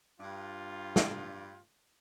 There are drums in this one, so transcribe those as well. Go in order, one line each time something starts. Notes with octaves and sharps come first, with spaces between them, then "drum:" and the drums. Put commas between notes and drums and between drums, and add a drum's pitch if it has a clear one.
G2 F4
drum: snare